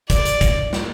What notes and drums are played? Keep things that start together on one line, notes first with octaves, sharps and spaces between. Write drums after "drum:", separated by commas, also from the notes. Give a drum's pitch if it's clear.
D5, drum: kick, hi-hat
drum: hi-hat
drum: kick, hi-hat
drum: snare